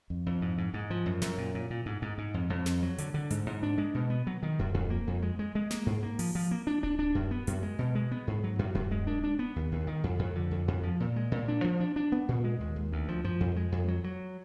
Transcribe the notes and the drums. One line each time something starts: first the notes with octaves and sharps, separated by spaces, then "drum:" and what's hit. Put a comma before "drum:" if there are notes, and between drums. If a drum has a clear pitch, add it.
F2
F2
G#2
G#2
G#2
F3
F#2
F#2, drum: snare
A#2
A#2
A#2
G#2
G#2
G#2
F2
F2
F2, drum: snare
F#3
D3, drum: hi-hat
D3
G#2, drum: hi-hat
G#2
D4
G#3
B2
B3
F#3
D#3
F#2, drum: kick D1
F2
A#3
F2
G#3
G#3
G#3
A#3, drum: snare
G#2
A#3
F3, drum: open hi-hat
F3
A#3
D4
D4, drum: kick D1
D4
F#2
B3
F#2, drum: hi-hat
G#3
B2
G#3
B3
G#2
F#3
F#2
F#2, drum: kick D1
G#3
D4
D4
B3
D#2
D#2
D#3
F2
F2
D3
F2
F2
F3
A#2
G#3
A#2
D4
F3
D4
D4
B3
A#2
G#3
D#2
D#2
D2
F3
F3, drum: tom F#2
F2
G#3
F2
F#3
F#3